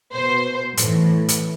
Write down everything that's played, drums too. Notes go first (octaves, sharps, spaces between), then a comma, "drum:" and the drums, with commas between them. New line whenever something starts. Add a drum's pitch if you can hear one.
B2 C5
A2 E3, drum: hi-hat
drum: hi-hat